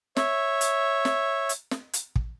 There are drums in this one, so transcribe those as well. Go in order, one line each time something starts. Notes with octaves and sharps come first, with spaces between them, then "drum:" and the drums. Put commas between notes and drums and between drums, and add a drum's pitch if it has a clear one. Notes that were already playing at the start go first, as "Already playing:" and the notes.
C#5 E5, drum: snare
drum: hi-hat
drum: snare
drum: hi-hat
drum: snare
drum: hi-hat
drum: kick